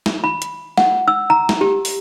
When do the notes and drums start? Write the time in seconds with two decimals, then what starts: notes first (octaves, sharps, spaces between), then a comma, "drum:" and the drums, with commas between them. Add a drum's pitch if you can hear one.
0.06 drum: snare
0.24 B5
0.42 drum: hi-hat
0.78 F#5, drum: snare
1.08 E6
1.30 A#5
1.49 drum: snare
1.61 G4
1.85 drum: open hi-hat